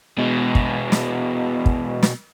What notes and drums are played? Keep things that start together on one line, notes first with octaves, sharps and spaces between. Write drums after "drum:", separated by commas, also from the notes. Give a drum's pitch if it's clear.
B2 G#3
drum: kick
drum: snare
drum: kick
drum: snare